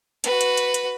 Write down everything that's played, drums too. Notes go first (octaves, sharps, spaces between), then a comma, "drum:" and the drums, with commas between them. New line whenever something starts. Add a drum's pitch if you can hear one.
F#4 B4, drum: hi-hat
drum: hi-hat
drum: hi-hat
drum: hi-hat